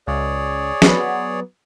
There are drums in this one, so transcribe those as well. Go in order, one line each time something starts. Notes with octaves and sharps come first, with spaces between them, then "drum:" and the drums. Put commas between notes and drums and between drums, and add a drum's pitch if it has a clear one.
C#2 G#4 C#5 D5
F#3 B3, drum: snare